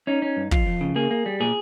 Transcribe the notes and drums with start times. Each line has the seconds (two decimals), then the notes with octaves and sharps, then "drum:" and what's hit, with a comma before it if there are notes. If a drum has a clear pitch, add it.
0.07 C#4 D#4
0.22 C#4
0.37 G2
0.51 F2 F4, drum: kick
0.66 F2
0.81 C#3
0.96 A#3 G#4
1.11 A#3
1.26 G3
1.40 A#2 G#4